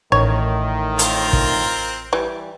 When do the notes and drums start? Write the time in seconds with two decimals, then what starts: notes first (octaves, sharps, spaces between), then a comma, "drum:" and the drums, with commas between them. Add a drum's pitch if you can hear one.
0.12 A1 A2 D#3 C#5
0.99 C4 F4 A#4, drum: hi-hat
1.33 drum: kick
2.13 E3 G3